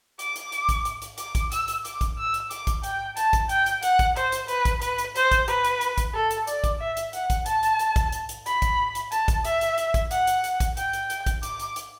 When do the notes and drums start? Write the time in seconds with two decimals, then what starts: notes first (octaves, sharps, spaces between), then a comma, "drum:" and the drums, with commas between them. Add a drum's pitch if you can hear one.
0.19 D6, drum: hi-hat
0.36 drum: hi-hat
0.52 drum: hi-hat
0.69 drum: kick A#1, hi-hat
0.85 drum: hi-hat
1.02 drum: hi-hat
1.18 D6, drum: hi-hat
1.35 drum: kick A#1, hi-hat
1.52 E6, drum: hi-hat
1.68 drum: hi-hat
1.85 D6, drum: hi-hat
2.01 drum: kick A#1, hi-hat
2.18 E6
2.34 drum: hi-hat
2.51 D6, drum: hi-hat
2.67 drum: kick A#1, hi-hat
2.83 G5, drum: hi-hat
3.17 A5, drum: hi-hat
3.33 drum: kick A#1, hi-hat
3.49 G5, drum: hi-hat
3.66 drum: hi-hat
3.83 F#5, drum: hi-hat
3.99 drum: kick A#1, hi-hat
4.16 C5, drum: hi-hat
4.32 drum: hi-hat
4.48 B4, drum: hi-hat
4.65 drum: kick A#1, hi-hat
4.82 B4, drum: hi-hat
4.98 drum: hi-hat
5.16 C5, drum: hi-hat
5.31 drum: kick A#1, hi-hat
5.48 B4, drum: hi-hat
5.65 drum: hi-hat
5.81 drum: hi-hat
5.98 drum: kick A#1, hi-hat
6.14 A4
6.31 drum: hi-hat
6.47 D5, drum: hi-hat
6.64 drum: kick A#1, hi-hat
6.80 E5
6.97 drum: hi-hat
7.13 F#5, drum: hi-hat
7.30 drum: kick A#1, hi-hat
7.46 A5, drum: hi-hat
7.63 drum: hi-hat
7.79 drum: hi-hat
7.96 drum: kick A#1, hi-hat
8.12 drum: hi-hat
8.29 drum: hi-hat
8.46 B5, drum: hi-hat
8.62 drum: kick A#1, hi-hat
8.95 drum: hi-hat
9.12 A5, drum: hi-hat
9.28 drum: kick A#1, hi-hat
9.45 E5, drum: hi-hat
9.61 drum: hi-hat
9.78 drum: hi-hat
9.94 drum: kick A#1, hi-hat
10.11 F#5, drum: hi-hat
10.27 drum: hi-hat
10.44 drum: hi-hat
10.60 drum: kick A#1, hi-hat
10.77 G5, drum: hi-hat
10.93 drum: hi-hat
11.10 drum: hi-hat
11.26 drum: kick A#1, hi-hat
11.43 D6, drum: hi-hat
11.60 drum: hi-hat
11.76 drum: hi-hat